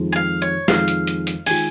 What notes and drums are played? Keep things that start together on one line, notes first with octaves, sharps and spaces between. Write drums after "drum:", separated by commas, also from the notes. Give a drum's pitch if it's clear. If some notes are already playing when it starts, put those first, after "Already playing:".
Already playing: F2 D#3 G#3 F4
G#5
F5
C#5
F2 D#3 G#3 F4 F5, drum: snare
drum: hi-hat
drum: hi-hat
drum: hi-hat
D#3 G#3 F4 G#5, drum: open hi-hat